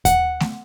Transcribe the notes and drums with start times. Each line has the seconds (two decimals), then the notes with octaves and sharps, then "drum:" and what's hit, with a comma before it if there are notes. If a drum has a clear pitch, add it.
0.05 F#5, drum: kick D#2, hi-hat
0.40 drum: snare A3